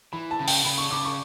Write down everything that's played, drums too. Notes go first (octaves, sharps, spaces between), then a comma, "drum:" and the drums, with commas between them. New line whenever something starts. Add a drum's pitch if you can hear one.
E3 B5
A5
C#3
G5, drum: open hi-hat
C#3 B5
C#6
C#3 D6
C#6